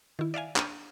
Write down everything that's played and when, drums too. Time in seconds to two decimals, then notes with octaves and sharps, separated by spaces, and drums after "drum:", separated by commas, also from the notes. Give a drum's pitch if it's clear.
0.19 D#3 E4
0.34 D5 E5 F5 G#5
0.56 D4 D#7, drum: clap